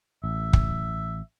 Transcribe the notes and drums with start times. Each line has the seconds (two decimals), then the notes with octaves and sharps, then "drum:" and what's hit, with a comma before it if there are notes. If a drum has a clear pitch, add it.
0.24 A1 E5
0.53 drum: kick